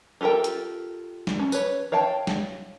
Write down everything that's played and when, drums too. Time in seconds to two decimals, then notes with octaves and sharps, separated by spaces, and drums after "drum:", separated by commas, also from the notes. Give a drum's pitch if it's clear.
0.21 F4 G4 A4 A#4 G5
0.44 drum: hi-hat
1.27 drum: snare
1.40 C#4
1.52 B4 C#5, drum: tambourine
1.92 C#5 F5 G5 A5
2.27 drum: snare